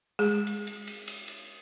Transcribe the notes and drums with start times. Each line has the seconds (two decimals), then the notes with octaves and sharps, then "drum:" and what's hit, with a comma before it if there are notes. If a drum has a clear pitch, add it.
0.19 G#3 G#4
0.47 drum: cymbal
0.67 drum: cymbal
0.87 drum: cymbal
1.08 drum: cymbal
1.28 drum: cymbal